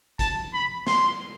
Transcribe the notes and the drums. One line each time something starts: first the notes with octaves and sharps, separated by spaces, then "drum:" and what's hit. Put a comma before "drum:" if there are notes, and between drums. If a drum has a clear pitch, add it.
A5, drum: kick, hi-hat
B5
C6, drum: snare